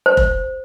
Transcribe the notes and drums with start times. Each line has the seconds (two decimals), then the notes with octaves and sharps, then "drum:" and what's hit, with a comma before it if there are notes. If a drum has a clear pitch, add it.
0.06 C5
0.17 drum: kick F1